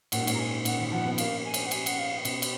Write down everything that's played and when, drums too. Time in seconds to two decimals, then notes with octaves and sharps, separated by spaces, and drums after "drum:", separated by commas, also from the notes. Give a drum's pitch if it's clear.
0.12 A#2 F#5, drum: cymbal
0.20 G#2
0.27 A#2, drum: cymbal
0.34 A#5
0.39 G#5
0.65 A#2 F#5, drum: cymbal
0.79 D#3
0.92 F3 F#5
1.05 B3
1.18 A#3 F5, drum: cymbal
1.45 G#5
1.54 drum: cymbal
1.66 F#5
1.71 G#5, drum: cymbal
1.86 F#5, drum: cymbal
1.98 F5
2.25 B2, drum: cymbal
2.42 drum: cymbal